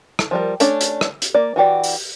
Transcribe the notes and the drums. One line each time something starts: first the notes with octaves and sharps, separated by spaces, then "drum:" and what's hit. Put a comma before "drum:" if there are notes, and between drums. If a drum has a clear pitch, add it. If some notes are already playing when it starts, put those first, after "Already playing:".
drum: rim click
F3 G3 A#4
A3 C#4 D4 D5, drum: hi-hat
drum: hi-hat
drum: rim click
drum: hi-hat
A#3 D5
E3 F#4 G4 D5
drum: open hi-hat